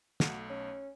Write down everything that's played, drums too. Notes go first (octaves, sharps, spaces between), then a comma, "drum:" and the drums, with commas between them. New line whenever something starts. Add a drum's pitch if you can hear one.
B1 A3 F#4, drum: snare
C#4